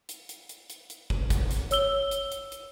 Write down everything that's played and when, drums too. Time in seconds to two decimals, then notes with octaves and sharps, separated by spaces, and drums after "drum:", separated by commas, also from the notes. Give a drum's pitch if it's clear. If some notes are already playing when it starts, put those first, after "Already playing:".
0.09 drum: hi-hat
0.29 drum: hi-hat
0.49 drum: hi-hat
0.70 drum: hi-hat
0.90 drum: hi-hat
1.10 drum: kick
1.30 drum: kick, hi-hat
1.51 drum: hi-hat
1.71 C#5 E6 G7, drum: hi-hat
2.11 drum: hi-hat
2.32 drum: hi-hat
2.52 drum: hi-hat